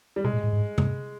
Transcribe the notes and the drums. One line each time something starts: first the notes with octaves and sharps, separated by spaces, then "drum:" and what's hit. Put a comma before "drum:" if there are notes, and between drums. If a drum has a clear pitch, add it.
G3
B2 G#3
A#2
A2
G#2
F#2, drum: tom C3
G2